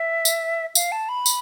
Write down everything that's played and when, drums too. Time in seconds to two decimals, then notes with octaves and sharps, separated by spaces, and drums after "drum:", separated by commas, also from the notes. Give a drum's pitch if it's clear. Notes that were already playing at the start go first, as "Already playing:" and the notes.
Already playing: E5
0.25 drum: tambourine
0.75 F5, drum: tambourine
0.92 A5
1.09 B5
1.26 drum: tambourine